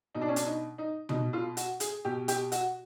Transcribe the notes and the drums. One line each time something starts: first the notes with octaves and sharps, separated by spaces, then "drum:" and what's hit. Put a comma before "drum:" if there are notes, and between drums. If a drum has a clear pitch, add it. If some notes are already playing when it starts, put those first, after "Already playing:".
B2 D#4
D4
C#4
D4, drum: hi-hat
D#4
D#4
B2 D#4, drum: tom
F4
F#4, drum: hi-hat
G#4, drum: hi-hat
B2 G4
G4, drum: hi-hat
F#4, drum: hi-hat